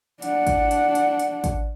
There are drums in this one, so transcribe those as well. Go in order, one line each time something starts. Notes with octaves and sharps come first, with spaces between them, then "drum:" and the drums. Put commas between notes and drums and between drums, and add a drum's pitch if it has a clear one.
D4 F#5, drum: hi-hat
drum: kick, hi-hat
drum: hi-hat
drum: hi-hat
drum: hi-hat
drum: kick, hi-hat